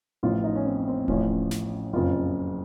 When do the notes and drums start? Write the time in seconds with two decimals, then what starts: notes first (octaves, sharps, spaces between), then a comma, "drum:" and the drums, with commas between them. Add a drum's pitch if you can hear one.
0.23 A1 A2 F3 F4
0.44 D#4
0.56 C#4
0.65 C4
0.87 C4
1.08 A1 A2 F3 C#4, drum: kick D1
1.51 drum: snare
1.93 F#1 F2 C#3 F4